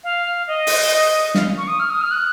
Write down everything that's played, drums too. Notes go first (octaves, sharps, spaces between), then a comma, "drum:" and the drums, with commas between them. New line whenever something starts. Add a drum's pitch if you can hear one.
F5
D#5
drum: open hi-hat
F5, drum: snare
C#6
D#6
F6
D#6
F6
F#6